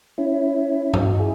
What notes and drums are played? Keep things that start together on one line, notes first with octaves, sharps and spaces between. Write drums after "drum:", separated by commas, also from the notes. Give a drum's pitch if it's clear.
C#4 E4
D#4 F#4, drum: tom G2
E4 G#4